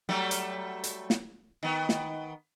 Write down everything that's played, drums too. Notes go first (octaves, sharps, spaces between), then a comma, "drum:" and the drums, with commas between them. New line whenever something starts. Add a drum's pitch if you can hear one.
F#3 G3 A3
drum: hi-hat
drum: hi-hat
drum: snare
D#3 B3
drum: snare